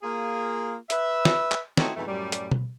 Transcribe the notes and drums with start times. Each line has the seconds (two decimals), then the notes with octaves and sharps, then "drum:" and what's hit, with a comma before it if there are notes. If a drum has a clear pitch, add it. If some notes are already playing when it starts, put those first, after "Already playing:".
0.03 A#3 F4 G#4
0.90 B4 E5, drum: hi-hat
1.25 drum: snare
1.52 drum: clap
1.77 A3 C4 C#4 D#4 E4 F#4, drum: snare
1.96 F2 G#2 B2 E3 A3
2.08 F#2 A2 G3
2.32 drum: hi-hat
2.51 drum: tom B2